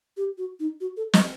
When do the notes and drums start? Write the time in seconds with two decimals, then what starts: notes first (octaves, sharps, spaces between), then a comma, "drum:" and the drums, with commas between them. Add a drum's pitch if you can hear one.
0.17 G4
0.38 F#4
0.60 D#4
0.81 F#4
0.97 A4
1.13 D#5, drum: snare